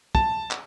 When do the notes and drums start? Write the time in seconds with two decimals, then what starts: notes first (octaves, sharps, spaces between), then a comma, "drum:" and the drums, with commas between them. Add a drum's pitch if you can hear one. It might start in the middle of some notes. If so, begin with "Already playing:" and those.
0.15 A5, drum: kick
0.51 drum: clap